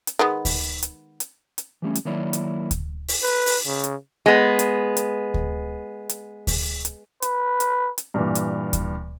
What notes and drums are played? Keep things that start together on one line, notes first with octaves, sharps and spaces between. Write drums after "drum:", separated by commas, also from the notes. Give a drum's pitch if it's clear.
drum: hi-hat
D#3 G#3 B3
drum: kick D2, open hi-hat
drum: hi-hat
drum: hi-hat
drum: hi-hat
E3 G3 A3 C#4
drum: hi-hat
D#3 F#3 A#3 E4 C#5 D5
drum: hi-hat
drum: kick D2, hi-hat
drum: open hi-hat
B4
drum: open hi-hat
C#3
drum: hi-hat
G#3 B3
drum: hi-hat
drum: hi-hat
drum: kick D2
drum: hi-hat
drum: kick D2, open hi-hat
drum: hi-hat
B4, drum: hi-hat
drum: hi-hat
drum: hi-hat
G2 A#2 E3
drum: hi-hat
drum: kick D2, hi-hat